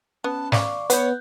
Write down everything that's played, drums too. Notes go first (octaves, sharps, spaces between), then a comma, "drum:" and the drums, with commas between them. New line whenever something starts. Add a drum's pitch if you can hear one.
B3 C#4 A5 B5 F#6
D5 F5 C#6 D6, drum: snare
B3 B4 C#5 F#6 G6, drum: hi-hat